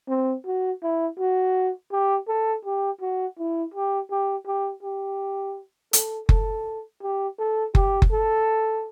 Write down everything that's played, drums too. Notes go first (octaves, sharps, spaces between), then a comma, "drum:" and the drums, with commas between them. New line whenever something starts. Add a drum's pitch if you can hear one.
C4
F#4
E4
F#4
G4
A4
G4
F#4
E4
G4
G4
G4
G4
A4, drum: hi-hat
A4, drum: kick F#1
G4
A4
G4, drum: kick F#1
drum: kick F#1
A4